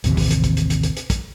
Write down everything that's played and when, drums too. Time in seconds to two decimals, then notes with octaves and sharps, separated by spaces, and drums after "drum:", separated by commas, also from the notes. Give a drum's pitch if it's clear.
0.04 A1 D#2 C3, drum: hi-hat
0.17 drum: kick, open hi-hat
0.30 drum: hi-hat
0.44 drum: kick, hi-hat
0.57 drum: hi-hat
0.70 drum: hi-hat
0.83 drum: hi-hat
0.97 drum: hi-hat
1.10 drum: kick, hi-hat